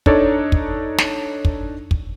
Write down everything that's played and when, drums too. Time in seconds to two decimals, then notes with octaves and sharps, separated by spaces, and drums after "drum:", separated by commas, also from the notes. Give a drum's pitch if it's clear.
0.06 D4 D#4 A4 C#5 D5, drum: kick
0.52 drum: kick
0.98 drum: snare
1.45 drum: kick
1.91 drum: kick